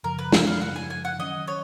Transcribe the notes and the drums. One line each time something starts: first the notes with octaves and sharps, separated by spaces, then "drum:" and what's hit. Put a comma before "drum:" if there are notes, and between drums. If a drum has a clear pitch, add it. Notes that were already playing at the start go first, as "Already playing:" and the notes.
F#2 C#3 F3 A#4
B4
F5, drum: snare
F5
F#5
G#5
G#5
F#5
D#3 F#3 C#4 D#5
C#5